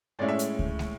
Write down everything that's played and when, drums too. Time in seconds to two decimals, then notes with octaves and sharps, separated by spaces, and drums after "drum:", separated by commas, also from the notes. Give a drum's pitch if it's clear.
0.19 A2 G#3 C#4 E4 D5
0.29 E5
0.39 drum: hi-hat
0.59 drum: kick C#2
0.79 drum: snare